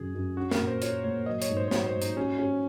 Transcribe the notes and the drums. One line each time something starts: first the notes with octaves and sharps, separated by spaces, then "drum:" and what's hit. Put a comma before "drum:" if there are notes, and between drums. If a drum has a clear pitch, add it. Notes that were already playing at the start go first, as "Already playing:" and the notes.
Already playing: F#2 C#3 F#3 G#4
F#2
C#4 F#4
A#4, drum: snare
A#2
C5
F4 C#5, drum: hi-hat
A#2 C#5
F#3 D#5
C#5, drum: hi-hat
G#2
C5
C5
F#3 C#5, drum: snare
C5
G#2
D#4, drum: hi-hat
C#4 F#4
C#4 F#4